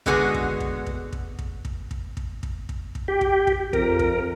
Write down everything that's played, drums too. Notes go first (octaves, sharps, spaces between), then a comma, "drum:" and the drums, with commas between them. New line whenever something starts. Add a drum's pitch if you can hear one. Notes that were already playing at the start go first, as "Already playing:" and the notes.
B2 D3 G#3 B3 F#4 G#4, drum: kick
drum: kick
drum: kick
drum: kick
drum: kick
drum: kick
drum: kick
drum: kick
drum: kick
drum: kick
drum: kick
drum: kick
G4
drum: kick
drum: kick
F2 A#4, drum: kick
drum: kick